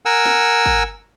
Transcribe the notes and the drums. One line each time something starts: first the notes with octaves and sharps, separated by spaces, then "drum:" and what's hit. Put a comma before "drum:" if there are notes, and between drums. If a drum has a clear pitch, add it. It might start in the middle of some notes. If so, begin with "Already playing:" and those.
A#4 F#5 G#5 E6
drum: snare
drum: kick